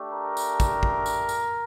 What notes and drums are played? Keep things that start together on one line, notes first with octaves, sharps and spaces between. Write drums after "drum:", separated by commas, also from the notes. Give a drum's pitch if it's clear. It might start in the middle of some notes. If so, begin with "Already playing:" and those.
Already playing: A3 D4 G4
A#4
drum: tambourine
drum: kick, tambourine
drum: kick
drum: tambourine
drum: tambourine